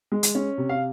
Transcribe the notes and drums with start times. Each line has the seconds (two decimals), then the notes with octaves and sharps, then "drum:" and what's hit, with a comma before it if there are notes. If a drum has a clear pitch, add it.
0.12 G#3
0.23 drum: hi-hat
0.35 C#4
0.58 C3
0.69 F5